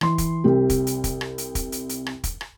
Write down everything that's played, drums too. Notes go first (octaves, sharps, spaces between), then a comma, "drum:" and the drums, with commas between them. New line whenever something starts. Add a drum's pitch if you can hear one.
E3 C6, drum: rim click
drum: kick, hi-hat
C2 C3 G4
drum: kick, hi-hat
drum: hi-hat
drum: kick, hi-hat
drum: rim click
drum: hi-hat
drum: kick, hi-hat
drum: hi-hat
drum: hi-hat
drum: rim click
drum: kick, hi-hat
drum: rim click